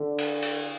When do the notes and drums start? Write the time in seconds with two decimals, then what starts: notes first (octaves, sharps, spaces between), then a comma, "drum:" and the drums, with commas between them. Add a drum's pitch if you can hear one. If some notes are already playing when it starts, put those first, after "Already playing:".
Already playing: D3
0.18 drum: cymbal
0.42 drum: cymbal